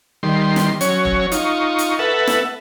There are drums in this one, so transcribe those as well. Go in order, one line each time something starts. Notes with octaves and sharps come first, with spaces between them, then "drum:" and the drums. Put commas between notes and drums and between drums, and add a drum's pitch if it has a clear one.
D#3 G3 C6
drum: snare
F#3 C#4 C#5, drum: hi-hat
drum: kick F1
D#4 F4 C#6, drum: hi-hat
drum: hi-hat
A4 B4 E5 F#5
drum: snare